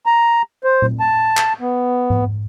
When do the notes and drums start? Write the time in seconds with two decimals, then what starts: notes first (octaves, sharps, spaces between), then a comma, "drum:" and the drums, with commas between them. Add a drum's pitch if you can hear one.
0.06 A#5
0.64 C5
0.82 drum: tom A#2
1.00 A5
1.37 drum: clap
1.61 B3
2.10 drum: tom G#2